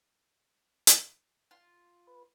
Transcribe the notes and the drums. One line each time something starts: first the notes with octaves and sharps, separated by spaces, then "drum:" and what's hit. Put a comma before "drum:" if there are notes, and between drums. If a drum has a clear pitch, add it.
drum: hi-hat
F4
B4